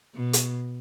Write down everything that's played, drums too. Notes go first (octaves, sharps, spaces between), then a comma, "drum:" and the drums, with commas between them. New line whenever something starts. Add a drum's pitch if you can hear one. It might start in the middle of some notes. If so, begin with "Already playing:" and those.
B2
drum: hi-hat